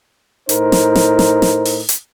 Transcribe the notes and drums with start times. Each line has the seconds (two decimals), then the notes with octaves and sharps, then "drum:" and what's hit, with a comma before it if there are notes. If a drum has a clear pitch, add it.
0.49 A2 D#4 A#4 C5, drum: hi-hat
0.72 drum: snare
0.95 drum: snare
1.19 drum: snare
1.42 drum: snare
1.65 drum: open hi-hat
1.89 drum: hi-hat